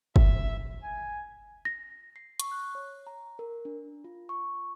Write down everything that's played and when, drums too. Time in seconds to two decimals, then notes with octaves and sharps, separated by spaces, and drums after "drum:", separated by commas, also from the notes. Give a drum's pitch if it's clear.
0.16 E5, drum: kick
0.83 G#5
1.65 A#6
2.16 C7
2.39 C#6, drum: hi-hat
2.51 F#6
2.75 C#5
3.07 A#5
3.39 A#4
3.65 D4
4.04 F4
4.29 C#6